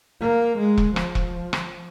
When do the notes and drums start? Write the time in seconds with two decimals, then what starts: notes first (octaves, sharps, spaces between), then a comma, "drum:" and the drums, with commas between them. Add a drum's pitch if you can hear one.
0.21 A#3
0.58 G#3
0.78 drum: kick E1
0.96 F3, drum: rim click
1.15 drum: kick E1
1.53 drum: rim click